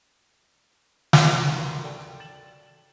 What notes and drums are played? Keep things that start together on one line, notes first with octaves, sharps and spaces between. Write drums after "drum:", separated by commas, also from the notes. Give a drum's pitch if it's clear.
B3 D4 G#4 C#5, drum: snare
G#2 C3 F4 F#6
D2 F#3 A#4 B4 C6 C#6
A4 D5 G5 A5
A6 E7 F#7